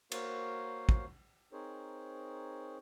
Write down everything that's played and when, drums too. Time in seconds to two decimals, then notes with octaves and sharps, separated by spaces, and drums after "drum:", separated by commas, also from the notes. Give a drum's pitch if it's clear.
0.12 A#3 F#4 A#4 C5 C#5 F5, drum: cymbal
0.89 drum: kick
1.53 C4 D#4 G#4 A#4 C5 C#5